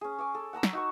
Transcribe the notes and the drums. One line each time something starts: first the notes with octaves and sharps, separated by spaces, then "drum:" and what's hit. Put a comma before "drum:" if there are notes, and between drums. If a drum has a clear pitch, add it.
C#4 G#4
C#5 G#5 D6
A4
F#5 A5 A#5 E6
drum: snare
D#4 F#4 C#6